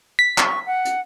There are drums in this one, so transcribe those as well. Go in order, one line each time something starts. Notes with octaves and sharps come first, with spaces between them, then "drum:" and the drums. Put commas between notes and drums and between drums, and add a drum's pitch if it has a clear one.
B6
C#6, drum: clap
F#5
drum: hi-hat